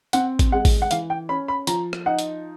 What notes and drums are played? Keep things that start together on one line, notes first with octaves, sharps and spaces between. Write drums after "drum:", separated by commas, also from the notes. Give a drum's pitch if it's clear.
C4 F#5, drum: hi-hat
drum: kick A1, hi-hat
G#3 F#5
drum: kick A1, open hi-hat
F#5
E3 F5, drum: hi-hat
G5
C#4 B5
B5
F3 A#5, drum: hi-hat
drum: rim click
D#4 F#5
drum: hi-hat